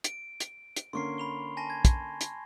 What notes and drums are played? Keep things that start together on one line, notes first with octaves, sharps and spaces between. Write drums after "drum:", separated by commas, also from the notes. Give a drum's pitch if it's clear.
D7, drum: hi-hat
drum: hi-hat
drum: hi-hat
D3 A#3 C#4 C6 C#6 C7
B5 F7 G7
G#5 A5 A#6
G#6
drum: kick, hi-hat
drum: hi-hat